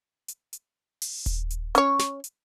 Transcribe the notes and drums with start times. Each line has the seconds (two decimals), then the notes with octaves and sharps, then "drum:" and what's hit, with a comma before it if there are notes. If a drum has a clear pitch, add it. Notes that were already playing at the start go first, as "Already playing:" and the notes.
0.28 drum: hi-hat
0.53 drum: hi-hat
1.02 drum: open hi-hat
1.26 drum: kick D#1, hi-hat
1.50 drum: hi-hat
1.75 C#4 C#5, drum: hi-hat
1.99 drum: snare
2.24 drum: hi-hat